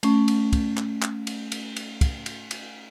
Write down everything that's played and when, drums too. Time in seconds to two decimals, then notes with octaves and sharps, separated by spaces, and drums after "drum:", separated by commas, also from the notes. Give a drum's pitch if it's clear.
0.03 A3 C#4, drum: cymbal
0.28 drum: cymbal
0.53 drum: kick, cymbal
0.77 drum: clap
1.02 drum: clap
1.27 drum: cymbal
1.52 drum: cymbal
1.76 drum: cymbal
2.01 drum: kick, cymbal
2.26 drum: cymbal
2.51 drum: cymbal